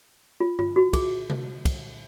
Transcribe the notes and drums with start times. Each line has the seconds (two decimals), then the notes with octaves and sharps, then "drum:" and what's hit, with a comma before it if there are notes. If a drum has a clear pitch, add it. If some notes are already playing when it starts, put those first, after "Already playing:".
0.40 F4
0.59 F4, drum: tom G2
0.76 F#4
0.93 G#4, drum: kick, cymbal
1.30 drum: tom C3
1.65 drum: kick, cymbal